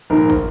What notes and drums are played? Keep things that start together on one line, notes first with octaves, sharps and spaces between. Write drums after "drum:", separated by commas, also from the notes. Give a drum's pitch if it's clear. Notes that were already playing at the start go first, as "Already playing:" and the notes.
A#1 G#2 D#3 A#4
drum: kick